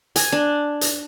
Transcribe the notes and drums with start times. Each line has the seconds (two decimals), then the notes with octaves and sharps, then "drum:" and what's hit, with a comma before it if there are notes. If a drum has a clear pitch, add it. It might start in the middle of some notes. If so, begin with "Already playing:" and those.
0.16 G#5, drum: hi-hat
0.32 D4
0.81 drum: hi-hat